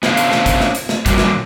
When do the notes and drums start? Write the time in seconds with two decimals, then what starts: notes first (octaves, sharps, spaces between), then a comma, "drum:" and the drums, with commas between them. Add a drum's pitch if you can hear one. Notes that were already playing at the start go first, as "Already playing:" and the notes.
0.03 B3 C#4 D4 C5 F5, drum: snare
0.17 drum: hi-hat
0.32 drum: snare
0.46 drum: kick, hi-hat
0.60 drum: snare
0.75 drum: hi-hat
0.89 drum: snare
1.06 A#2 F#3 G3, drum: kick, hi-hat
1.18 drum: snare